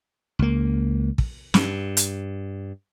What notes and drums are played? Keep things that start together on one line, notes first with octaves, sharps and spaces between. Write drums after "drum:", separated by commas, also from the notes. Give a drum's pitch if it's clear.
C#2 A#3
drum: kick
G2, drum: snare
drum: hi-hat